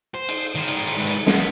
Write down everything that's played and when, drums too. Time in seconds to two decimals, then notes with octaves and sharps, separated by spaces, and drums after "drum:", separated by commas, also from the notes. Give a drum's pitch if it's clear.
0.15 C5
0.29 drum: cymbal
0.55 D#3 C5
0.68 drum: cymbal
0.88 drum: cymbal
0.98 G#2 B4
1.07 drum: cymbal
1.27 G2 B3, drum: snare